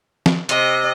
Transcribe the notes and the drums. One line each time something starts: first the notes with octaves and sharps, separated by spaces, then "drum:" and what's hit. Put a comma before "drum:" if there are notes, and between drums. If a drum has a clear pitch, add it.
drum: snare F3
C3 D#5, drum: hi-hat